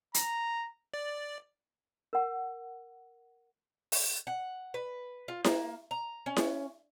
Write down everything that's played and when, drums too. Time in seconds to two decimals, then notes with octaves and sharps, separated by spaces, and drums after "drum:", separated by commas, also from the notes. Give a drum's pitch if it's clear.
0.14 A#5, drum: hi-hat
0.94 D5
2.13 A#4 F#5
3.92 drum: open hi-hat
4.27 F#5
4.74 B4
5.28 F4
5.44 A#3, drum: snare E4
5.91 A#5
6.26 C#4
6.36 drum: snare E4